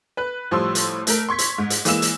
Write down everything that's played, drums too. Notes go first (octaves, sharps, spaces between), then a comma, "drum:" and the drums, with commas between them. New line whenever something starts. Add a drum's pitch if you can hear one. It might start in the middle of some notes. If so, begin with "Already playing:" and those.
B4 F#6
A2 F3 G3 C6 E6
drum: hi-hat
A3 A#4, drum: hi-hat
C6 C#6 G#6 B6
drum: hi-hat
G#2
drum: hi-hat
E3 G#3 A#3 E6 E7, drum: hi-hat
drum: hi-hat